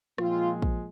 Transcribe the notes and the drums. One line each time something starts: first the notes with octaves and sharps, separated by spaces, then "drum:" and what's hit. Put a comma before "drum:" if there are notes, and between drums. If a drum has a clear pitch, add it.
A#2 F3 G#3 C4 F4, drum: rim click
drum: kick